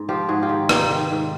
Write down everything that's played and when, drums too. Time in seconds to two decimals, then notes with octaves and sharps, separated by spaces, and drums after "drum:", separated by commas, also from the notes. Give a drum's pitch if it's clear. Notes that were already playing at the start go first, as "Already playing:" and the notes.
Already playing: G#2
0.09 F3 F4 G4
0.29 G#2 F#4 G#4
0.42 F4 G4
0.49 D#3
0.69 C3 D#4 F4, drum: rim click
0.91 D#3
1.11 G#2